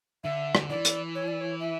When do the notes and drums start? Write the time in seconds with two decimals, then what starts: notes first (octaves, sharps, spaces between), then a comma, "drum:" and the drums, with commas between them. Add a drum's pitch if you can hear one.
0.24 D3 E5
0.55 drum: rim click
0.70 E3 D5
0.85 drum: hi-hat
1.15 C#5
1.28 D5
1.41 C#5
1.60 E5